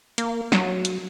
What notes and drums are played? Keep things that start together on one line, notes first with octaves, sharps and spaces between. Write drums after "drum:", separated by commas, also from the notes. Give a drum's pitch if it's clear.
A#3, drum: hi-hat
F#3, drum: snare
drum: hi-hat